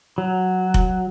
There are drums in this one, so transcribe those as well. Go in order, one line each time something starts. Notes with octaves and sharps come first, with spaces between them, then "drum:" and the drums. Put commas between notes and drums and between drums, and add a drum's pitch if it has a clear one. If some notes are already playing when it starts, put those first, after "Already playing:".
F#3
drum: kick F1